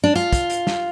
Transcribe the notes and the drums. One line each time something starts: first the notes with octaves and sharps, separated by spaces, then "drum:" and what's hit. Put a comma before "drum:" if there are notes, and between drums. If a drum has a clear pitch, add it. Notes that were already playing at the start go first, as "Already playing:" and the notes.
D4
F4, drum: hi-hat
drum: kick, hi-hat
drum: hi-hat
drum: snare